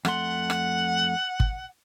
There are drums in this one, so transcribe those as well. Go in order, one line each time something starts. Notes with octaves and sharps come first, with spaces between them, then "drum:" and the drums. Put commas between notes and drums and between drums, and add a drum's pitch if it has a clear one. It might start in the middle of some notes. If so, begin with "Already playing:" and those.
F2 A3 F#5 C6, drum: rim click
drum: rim click
drum: kick